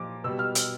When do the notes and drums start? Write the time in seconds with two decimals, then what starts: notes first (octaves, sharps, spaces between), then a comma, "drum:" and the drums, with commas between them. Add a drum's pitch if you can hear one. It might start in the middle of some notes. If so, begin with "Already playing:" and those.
Already playing: A#2 F3 D6
0.24 B2 G3 E6
0.39 F6
0.55 drum: hi-hat